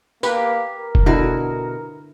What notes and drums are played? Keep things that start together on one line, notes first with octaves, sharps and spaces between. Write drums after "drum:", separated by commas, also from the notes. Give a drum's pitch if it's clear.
A#3 G4 B4, drum: tambourine
A#4
drum: kick F1
B2 D3 E4 F#4